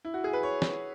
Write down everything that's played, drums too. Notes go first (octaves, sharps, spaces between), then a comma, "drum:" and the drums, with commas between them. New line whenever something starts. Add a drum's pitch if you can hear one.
E4
F#4
G#4
B4
C#5
drum: snare